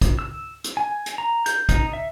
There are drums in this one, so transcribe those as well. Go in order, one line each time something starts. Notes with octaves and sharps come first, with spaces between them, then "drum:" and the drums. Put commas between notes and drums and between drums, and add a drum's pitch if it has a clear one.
drum: kick, hi-hat
E6
drum: hi-hat
G#5
drum: hi-hat
A#5
G6, drum: hi-hat
D#4, drum: kick, hi-hat
E5